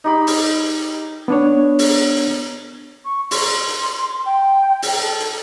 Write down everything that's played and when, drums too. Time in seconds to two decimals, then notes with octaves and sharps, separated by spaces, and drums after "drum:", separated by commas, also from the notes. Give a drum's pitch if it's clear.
0.04 D#4 G4 B5
0.27 drum: open hi-hat
1.28 B3 D4 C#5
1.79 drum: open hi-hat
2.17 drum: hi-hat
3.05 C#6
3.31 C6, drum: open hi-hat
3.68 drum: hi-hat
4.25 G5
4.82 drum: open hi-hat
5.00 A4
5.20 drum: hi-hat